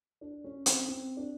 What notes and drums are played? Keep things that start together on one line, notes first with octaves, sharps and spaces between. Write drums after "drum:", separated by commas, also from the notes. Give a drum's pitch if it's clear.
D4
C#4
C4, drum: hi-hat
C4
D4